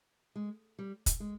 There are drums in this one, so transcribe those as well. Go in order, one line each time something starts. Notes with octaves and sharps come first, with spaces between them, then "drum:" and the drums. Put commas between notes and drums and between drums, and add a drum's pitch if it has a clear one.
G#3
G3
drum: kick, hi-hat
G#3